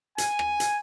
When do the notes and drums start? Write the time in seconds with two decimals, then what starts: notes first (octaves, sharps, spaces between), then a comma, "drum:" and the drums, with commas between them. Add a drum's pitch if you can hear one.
0.18 G#5, drum: hi-hat
0.39 drum: rim click
0.60 drum: hi-hat